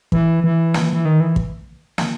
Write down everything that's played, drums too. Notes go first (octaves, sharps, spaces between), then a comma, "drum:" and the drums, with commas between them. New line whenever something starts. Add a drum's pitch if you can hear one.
E3, drum: kick
E3
drum: snare
E3
D#3
E3
drum: kick
drum: snare